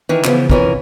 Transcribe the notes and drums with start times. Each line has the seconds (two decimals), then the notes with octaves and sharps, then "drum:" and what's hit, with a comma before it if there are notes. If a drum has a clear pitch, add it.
0.09 D#3 E3
0.24 C#3 E3 F3 B3, drum: clap
0.50 F2 A#2 E3 C#4 A#4, drum: kick